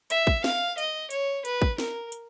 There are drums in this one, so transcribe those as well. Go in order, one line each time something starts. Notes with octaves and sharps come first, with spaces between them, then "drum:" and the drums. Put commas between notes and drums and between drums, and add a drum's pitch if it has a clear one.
E5, drum: hi-hat
drum: kick
F5, drum: snare
D#5, drum: hi-hat
C#5, drum: hi-hat
B4, drum: hi-hat
drum: kick
A#4, drum: snare
drum: hi-hat